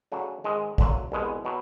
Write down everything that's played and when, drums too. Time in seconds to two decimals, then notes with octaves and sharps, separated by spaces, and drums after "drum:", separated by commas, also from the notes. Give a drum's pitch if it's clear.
0.12 C#3 F#3 A3 D4 F#4
0.44 G#2 D#3 G#3
0.78 D2 D3 F#3 A#3, drum: kick A1
1.12 C2 B2 G#3
1.45 B2 F#3